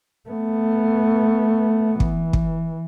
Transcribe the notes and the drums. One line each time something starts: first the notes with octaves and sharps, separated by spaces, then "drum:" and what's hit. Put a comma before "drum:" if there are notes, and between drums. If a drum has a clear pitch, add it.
A3 B3
E3, drum: kick
drum: kick